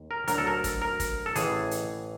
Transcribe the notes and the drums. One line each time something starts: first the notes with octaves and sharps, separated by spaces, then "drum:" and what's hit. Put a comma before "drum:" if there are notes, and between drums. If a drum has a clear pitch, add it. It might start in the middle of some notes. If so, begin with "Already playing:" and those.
Already playing: D#2
A#4
D2 D3 F#3 A#4, drum: hi-hat
A4
A#4
drum: kick, hi-hat
A#4
drum: kick, hi-hat
A4
A1 A2 E3 G#4, drum: hi-hat
drum: hi-hat